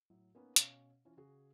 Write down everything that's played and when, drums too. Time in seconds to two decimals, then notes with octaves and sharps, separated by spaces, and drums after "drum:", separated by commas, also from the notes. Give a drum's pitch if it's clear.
0.10 A2 F#3
0.35 A#3 B3 C#4 D#4 A#4 B4
0.56 B2 C#4 C#5 F5, drum: hi-hat
1.05 E3 C#4 F4
1.17 C#3 F#4 G#4